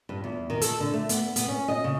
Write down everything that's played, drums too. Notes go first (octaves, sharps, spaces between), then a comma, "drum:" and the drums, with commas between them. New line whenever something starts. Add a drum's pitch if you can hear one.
G2
E2
D#3
A4, drum: hi-hat
D3
A3
B3, drum: hi-hat
B3, drum: hi-hat
C#4
D#5
C#3